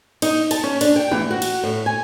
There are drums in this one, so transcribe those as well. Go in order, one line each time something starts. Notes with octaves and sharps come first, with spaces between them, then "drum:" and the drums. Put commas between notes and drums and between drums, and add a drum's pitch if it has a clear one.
D#4, drum: cymbal
A5, drum: cymbal
C#4
D4, drum: cymbal
G5
E3, drum: tom
F#4
drum: cymbal
A2
G#5